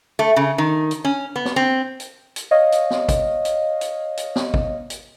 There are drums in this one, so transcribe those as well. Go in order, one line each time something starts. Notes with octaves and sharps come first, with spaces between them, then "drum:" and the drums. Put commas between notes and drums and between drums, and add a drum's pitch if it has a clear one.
A3
C#3
D#3
drum: hi-hat
C#4
B3
drum: snare
C4
drum: hi-hat
drum: hi-hat
C#5 D#5 F5
drum: hi-hat
drum: snare
drum: kick, hi-hat
drum: hi-hat
drum: hi-hat
drum: hi-hat
drum: snare
drum: kick
drum: hi-hat